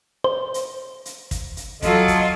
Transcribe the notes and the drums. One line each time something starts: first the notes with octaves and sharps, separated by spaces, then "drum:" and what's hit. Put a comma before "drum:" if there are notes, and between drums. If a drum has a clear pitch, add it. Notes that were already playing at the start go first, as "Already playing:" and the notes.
C5
drum: hi-hat
drum: hi-hat
drum: kick, hi-hat
drum: hi-hat
F#3 F4 A4 D#5, drum: kick, hi-hat
drum: kick, hi-hat